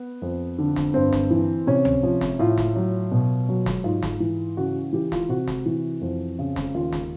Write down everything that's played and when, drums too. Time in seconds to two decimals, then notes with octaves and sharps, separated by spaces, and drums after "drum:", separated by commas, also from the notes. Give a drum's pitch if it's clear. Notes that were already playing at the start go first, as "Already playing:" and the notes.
Already playing: B3
0.22 F2
0.58 D3
0.76 drum: snare
0.94 G2 C4
1.13 drum: snare
1.31 E3
1.67 C3 C#4
1.85 drum: tom C#2
2.03 F3
2.21 drum: snare
2.39 A2 F4
2.58 drum: snare
2.76 F#3
3.12 B2
3.49 F#3
3.66 drum: snare
3.84 G#2 F4
4.03 drum: snare
4.20 E3
4.57 C#3 F#4
4.93 E3 G4
5.12 F4, drum: snare
5.29 C3 F#4
5.48 drum: snare
5.66 E3
6.01 F2
6.39 C#3
6.56 drum: snare
6.74 D#2 F4
6.93 drum: snare